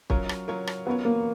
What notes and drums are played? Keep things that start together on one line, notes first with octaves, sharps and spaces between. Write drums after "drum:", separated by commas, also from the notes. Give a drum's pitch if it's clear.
F#3 C#4 F4 A#4 C#5, drum: kick
drum: rim click
F#3 C#4 F4 A#4 C#5
drum: rim click
F#3 B3 C#4 F4 A#4 C#5
A#3